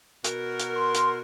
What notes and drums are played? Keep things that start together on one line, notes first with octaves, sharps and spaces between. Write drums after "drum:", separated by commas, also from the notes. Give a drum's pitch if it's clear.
B2 F#4 A#4, drum: hi-hat
drum: hi-hat
C6
drum: hi-hat